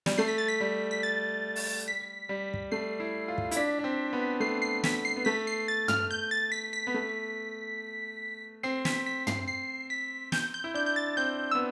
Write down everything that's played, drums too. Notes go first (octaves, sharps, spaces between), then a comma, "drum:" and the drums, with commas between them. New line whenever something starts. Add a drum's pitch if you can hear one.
G3, drum: snare
A3 C7
B6
A6
B6
G3
B6
A6
drum: open hi-hat
B6
G3
drum: kick
A3 C7
E4
F4
drum: kick
E4, drum: hi-hat
D4 B6
D4
C4
B3
A3 C7
C7
B6, drum: snare
C7
B3
A3 B6
C7
A6
F6, drum: tom
G6
A6
B6
B6
B3
A3
C4 C7
B6, drum: snare
B6
C7, drum: tom
C7
B6
G6, drum: snare
G6
E4
D4 G6
G6
A6
C4 G6
E6
B3